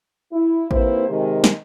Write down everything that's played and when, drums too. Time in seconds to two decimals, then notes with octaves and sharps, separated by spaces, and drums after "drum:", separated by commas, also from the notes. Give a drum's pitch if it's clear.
0.31 E4
0.71 D#2 A#3 C4 E4 B4 C5, drum: kick A1
1.09 C3 D#3 G#3
1.44 drum: snare